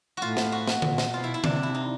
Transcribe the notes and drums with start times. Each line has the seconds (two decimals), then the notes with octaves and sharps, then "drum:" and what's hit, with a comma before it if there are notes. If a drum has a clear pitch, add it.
0.17 A2 F4 F#4
0.37 drum: snare
0.52 F#4
0.67 drum: snare
0.82 A#2, drum: tom D3
0.98 drum: snare
1.13 B2 F4
1.24 E4
1.34 E4
1.44 C3 D4, drum: tom D3
1.63 E4
1.75 D#4